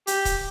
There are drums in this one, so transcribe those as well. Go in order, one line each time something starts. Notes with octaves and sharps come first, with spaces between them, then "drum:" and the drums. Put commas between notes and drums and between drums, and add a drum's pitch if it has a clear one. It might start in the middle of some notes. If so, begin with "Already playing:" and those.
G4, drum: hi-hat
drum: kick C#1, hi-hat